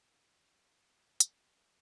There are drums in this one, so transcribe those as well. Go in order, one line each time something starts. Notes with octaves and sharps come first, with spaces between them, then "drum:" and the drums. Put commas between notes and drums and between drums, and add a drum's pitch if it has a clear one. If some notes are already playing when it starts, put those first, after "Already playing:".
Already playing: C#5
C5
A#4
drum: hi-hat